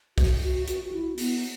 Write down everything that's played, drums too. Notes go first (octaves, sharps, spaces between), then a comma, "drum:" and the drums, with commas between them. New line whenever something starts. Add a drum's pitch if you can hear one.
F#4, drum: kick, open hi-hat
F#4
F#4, drum: hi-hat
F#4
E4
B3, drum: open hi-hat